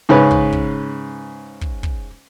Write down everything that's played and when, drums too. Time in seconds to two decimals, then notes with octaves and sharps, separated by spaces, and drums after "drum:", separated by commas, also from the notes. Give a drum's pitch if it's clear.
0.09 G#2 C#3 C#4 B4
0.31 drum: kick
0.52 drum: kick
1.61 drum: kick
1.83 drum: kick